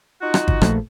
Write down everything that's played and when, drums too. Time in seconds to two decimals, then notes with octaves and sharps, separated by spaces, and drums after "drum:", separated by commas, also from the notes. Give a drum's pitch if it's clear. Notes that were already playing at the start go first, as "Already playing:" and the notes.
0.22 D#4 F4 F#4
0.34 drum: rim click
0.48 drum: kick G1
0.62 A#1 F3 A3, drum: rim click